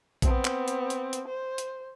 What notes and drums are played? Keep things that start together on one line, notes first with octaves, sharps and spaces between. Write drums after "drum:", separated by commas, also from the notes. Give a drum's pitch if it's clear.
B3 C4, drum: kick A#1, hi-hat
drum: clap
drum: hi-hat
drum: hi-hat
drum: hi-hat
C5
drum: hi-hat